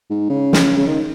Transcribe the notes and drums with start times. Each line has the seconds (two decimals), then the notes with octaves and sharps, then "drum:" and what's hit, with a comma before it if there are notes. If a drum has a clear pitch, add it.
0.10 G#2
0.30 C#3
0.53 drum: snare
0.77 C#3
0.87 D#3